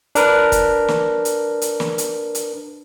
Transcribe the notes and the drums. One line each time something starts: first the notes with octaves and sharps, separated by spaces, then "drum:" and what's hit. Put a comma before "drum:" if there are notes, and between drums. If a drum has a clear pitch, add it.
D4 A#4 B4, drum: hi-hat
drum: kick, hi-hat
drum: snare
drum: hi-hat
drum: hi-hat
drum: snare
drum: hi-hat
drum: hi-hat